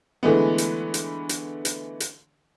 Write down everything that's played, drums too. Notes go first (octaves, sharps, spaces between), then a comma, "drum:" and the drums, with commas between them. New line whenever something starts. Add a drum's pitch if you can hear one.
D3 E3 G#3 A3 B3
drum: hi-hat
drum: hi-hat
drum: hi-hat
drum: hi-hat
drum: hi-hat